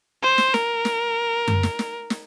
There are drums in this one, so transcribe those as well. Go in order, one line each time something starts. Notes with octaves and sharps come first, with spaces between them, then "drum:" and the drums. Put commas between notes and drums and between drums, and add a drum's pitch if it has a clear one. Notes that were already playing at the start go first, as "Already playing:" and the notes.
C5
drum: snare
A#4, drum: snare
drum: snare
drum: tom F#2
drum: snare
drum: snare
drum: snare